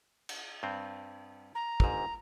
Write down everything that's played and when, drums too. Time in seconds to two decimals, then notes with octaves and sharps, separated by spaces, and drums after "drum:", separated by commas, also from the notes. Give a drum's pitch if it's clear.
0.29 drum: cymbal
0.63 G2 C4
1.55 A#5
1.80 G1 G#2, drum: kick